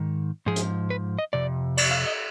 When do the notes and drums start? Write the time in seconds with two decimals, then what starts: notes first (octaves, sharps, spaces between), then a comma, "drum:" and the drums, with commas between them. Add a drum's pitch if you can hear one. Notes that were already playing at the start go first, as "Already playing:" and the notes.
Already playing: G#2 D#3
0.46 G#2 F3 G#4
0.56 drum: hi-hat
0.90 B4
1.19 D#5
1.33 F2 C3 D5
1.77 D5, drum: cymbal
1.91 F5
2.06 D#5